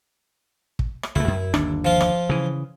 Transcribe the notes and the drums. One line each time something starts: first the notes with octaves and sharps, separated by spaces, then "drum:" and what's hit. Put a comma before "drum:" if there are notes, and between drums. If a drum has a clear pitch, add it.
drum: kick
drum: rim click
C#2 A3 E4
F#2
G1 D#2 D4, drum: rim click
F3 F4
drum: rim click
C#3 E3